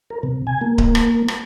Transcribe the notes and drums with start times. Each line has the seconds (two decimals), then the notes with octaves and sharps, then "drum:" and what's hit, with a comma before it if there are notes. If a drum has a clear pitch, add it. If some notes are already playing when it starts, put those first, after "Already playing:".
0.10 A#4
0.23 C3
0.47 G#5
0.61 A#3
0.78 drum: kick D1
0.95 drum: rim click
1.28 drum: rim click